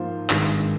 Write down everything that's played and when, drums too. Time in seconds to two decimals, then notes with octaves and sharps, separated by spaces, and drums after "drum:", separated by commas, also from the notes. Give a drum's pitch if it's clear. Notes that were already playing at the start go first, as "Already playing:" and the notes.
Already playing: G#2 F3 A#3 F4 C5
0.30 G#1 G2 D#3 G#3, drum: clap